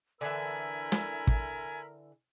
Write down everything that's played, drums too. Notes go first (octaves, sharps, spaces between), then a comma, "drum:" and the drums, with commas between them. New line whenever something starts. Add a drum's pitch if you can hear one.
D3 E3 A#4 E5 G#5 B5 E6
drum: snare
drum: kick